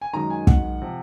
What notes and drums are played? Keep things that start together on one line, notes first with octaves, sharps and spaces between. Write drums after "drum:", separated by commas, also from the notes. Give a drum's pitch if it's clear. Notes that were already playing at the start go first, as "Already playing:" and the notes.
G#5
F#2 D#3 G#3 A#5
G#5
F#5, drum: kick
C3 F3